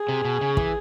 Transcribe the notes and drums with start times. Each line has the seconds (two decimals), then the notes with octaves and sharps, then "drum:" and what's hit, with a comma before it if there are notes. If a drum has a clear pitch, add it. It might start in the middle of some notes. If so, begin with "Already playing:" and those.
Already playing: G#4
0.08 C3
0.25 B2
0.41 C#3
0.57 E3, drum: kick